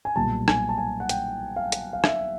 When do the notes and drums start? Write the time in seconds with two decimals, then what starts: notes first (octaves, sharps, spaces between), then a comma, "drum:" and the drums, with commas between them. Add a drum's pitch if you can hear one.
0.05 G#5
0.16 B1 A#2 G3 A5
0.48 G#5, drum: rim click
0.69 A5
0.78 G#5
1.00 F#5
1.09 G5, drum: hi-hat
1.56 F5
1.72 drum: hi-hat
1.93 F5
2.04 E5, drum: rim click